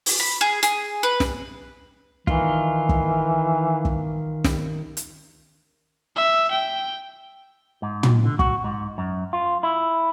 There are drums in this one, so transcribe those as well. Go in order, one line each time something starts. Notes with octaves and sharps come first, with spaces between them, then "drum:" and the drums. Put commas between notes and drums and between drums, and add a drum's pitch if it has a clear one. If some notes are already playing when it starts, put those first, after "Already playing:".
drum: open hi-hat
B5
G#4
G#4, drum: hi-hat
B4
drum: snare
D#3 E3 F4, drum: kick
drum: kick
drum: kick
drum: snare
drum: hi-hat
E5
G5
G#2
drum: tom
D3
F#4, drum: kick
G#2
F#2
F4
E4